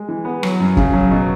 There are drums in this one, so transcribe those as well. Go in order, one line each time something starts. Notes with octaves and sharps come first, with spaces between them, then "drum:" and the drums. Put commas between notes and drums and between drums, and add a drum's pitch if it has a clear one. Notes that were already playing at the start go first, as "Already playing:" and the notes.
Already playing: G#3
E3
B3
F#3, drum: rim click
F#2
C#3, drum: kick
F#3
B2